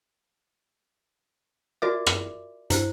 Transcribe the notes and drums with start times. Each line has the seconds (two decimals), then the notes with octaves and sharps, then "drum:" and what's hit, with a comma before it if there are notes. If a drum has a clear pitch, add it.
1.82 F4 F#4 A#4 D5 E5 D6
2.07 drum: rim click
2.70 G2 E4 C5, drum: hi-hat